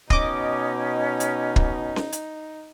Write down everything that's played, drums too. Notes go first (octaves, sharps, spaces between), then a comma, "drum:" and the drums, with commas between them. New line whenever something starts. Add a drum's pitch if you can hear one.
B2 C#4 D#4 D#5 D6, drum: kick
drum: hi-hat
drum: kick
drum: snare C#4
drum: hi-hat